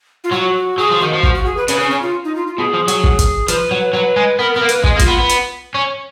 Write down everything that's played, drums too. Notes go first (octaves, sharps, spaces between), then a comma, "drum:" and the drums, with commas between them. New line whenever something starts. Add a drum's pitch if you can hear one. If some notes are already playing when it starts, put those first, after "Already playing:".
F4
F#3 F#4
F#3 G#4
F3
D#3 F#4
F3
F#4, drum: kick
F#4
G#4
B4
C#3 B4, drum: hi-hat
C#4
C#4
F4
D#4
F4
F4
B2 G#4
F3
F#3, drum: hi-hat
drum: kick
drum: kick, hi-hat
F3 B4, drum: hi-hat
F#3
F#3 B4
G#3
B3 A#4
B3 A#4
A#3
B4, drum: hi-hat
G#3 G#4, drum: kick
A#3
F4, drum: kick, hi-hat
B3
B3
drum: hi-hat
C#4